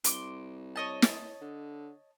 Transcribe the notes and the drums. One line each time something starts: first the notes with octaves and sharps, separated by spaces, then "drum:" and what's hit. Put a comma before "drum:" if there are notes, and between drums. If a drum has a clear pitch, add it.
C2 C6 D6, drum: hi-hat
C#5 D#5 A5
drum: snare
D3